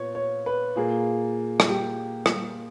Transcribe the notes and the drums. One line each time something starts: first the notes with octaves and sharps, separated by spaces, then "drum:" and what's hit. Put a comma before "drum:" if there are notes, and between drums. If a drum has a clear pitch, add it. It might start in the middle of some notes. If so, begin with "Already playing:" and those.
Already playing: A#2 B3 C#5
C#5
B4
A#2 A#3 G#4
drum: rim click
G4
drum: rim click